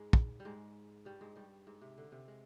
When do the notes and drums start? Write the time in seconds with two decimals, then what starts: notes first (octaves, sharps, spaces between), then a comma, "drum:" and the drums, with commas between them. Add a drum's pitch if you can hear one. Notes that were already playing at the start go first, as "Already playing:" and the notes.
Already playing: G#2 G#3
0.13 drum: kick
0.40 G3
0.45 G#2 G#3
1.05 G2 G3
1.21 G#2 G#3
1.36 G2 G3
1.67 G#2
1.81 C3
1.98 D3
2.12 C3
2.28 G#3